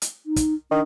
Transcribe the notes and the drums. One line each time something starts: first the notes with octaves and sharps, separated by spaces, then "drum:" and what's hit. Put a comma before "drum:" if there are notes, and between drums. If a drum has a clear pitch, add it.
drum: hi-hat
D#4
drum: kick, hi-hat
D#3 D4